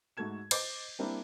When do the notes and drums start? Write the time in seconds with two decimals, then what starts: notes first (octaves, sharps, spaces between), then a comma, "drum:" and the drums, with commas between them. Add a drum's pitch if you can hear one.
0.17 G#2 A3 F#4 A4 G#6 E7
0.51 C5 D#5 D6 G6 A6 C7, drum: cymbal
0.99 G3 A#3 C4 D4 E4